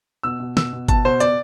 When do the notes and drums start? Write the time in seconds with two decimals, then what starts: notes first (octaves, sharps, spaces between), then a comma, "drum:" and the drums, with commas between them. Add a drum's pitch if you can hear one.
0.23 B2 E6
0.40 B2
0.57 B2 E6, drum: snare
0.73 B2
0.88 B2 A5, drum: kick G1, hi-hat
1.05 B2 C5
1.20 B2 D5, drum: hi-hat